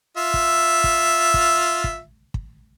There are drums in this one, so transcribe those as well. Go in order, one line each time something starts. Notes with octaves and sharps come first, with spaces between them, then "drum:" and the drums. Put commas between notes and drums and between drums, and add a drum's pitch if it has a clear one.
F4 E5
drum: kick
drum: kick
drum: kick
drum: kick
drum: kick